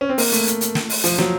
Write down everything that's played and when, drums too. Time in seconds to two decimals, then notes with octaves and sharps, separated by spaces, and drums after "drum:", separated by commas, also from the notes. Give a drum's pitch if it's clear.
0.01 C#4
0.09 C4
0.18 A#3, drum: open hi-hat
0.32 A3, drum: hi-hat
0.46 drum: hi-hat
0.61 drum: hi-hat
0.75 drum: snare
0.90 drum: open hi-hat
1.04 F3, drum: hi-hat
1.18 F#3, drum: snare